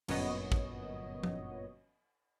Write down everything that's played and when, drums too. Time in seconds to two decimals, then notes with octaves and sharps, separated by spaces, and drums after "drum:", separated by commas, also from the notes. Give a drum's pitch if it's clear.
0.08 G1 F#2 A#2 B3 C#5 D#5, drum: cymbal
0.52 drum: kick
1.23 drum: tom F3